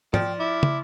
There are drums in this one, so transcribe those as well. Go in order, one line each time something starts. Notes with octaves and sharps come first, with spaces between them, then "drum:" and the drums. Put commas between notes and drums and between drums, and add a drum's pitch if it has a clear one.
F3 D5 G5, drum: tom
E4 D6
drum: tom